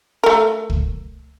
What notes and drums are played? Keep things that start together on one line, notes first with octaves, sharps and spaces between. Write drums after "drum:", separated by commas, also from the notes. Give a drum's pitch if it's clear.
A3 A#4
drum: kick